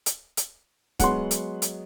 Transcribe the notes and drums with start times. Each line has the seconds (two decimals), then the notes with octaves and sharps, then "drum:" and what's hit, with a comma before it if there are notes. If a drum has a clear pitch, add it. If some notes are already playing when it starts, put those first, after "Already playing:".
0.06 drum: hi-hat
0.37 drum: hi-hat
0.99 F#3 G#3 B3 F#5 C6, drum: kick C#1, hi-hat
1.31 drum: hi-hat
1.62 drum: hi-hat